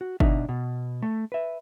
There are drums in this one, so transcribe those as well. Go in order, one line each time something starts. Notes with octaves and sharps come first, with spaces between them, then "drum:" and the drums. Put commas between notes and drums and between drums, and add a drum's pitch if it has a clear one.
F#4
B2 D4 D#4 E5, drum: kick G1
B2
A3
B4 E5